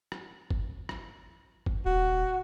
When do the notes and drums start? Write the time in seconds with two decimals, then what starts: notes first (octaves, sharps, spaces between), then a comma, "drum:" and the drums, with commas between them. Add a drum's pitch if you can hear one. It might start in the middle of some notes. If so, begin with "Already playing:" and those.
0.12 drum: rim click
0.50 drum: kick G1
0.89 drum: rim click
1.66 drum: kick G1
1.86 D#1 F#4